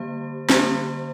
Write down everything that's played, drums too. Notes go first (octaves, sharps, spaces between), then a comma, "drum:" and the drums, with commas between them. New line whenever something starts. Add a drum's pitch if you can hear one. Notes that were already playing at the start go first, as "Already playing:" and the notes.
Already playing: D3 G3 A#3 G4 C5
D3 G3 A#3 G4 C5, drum: snare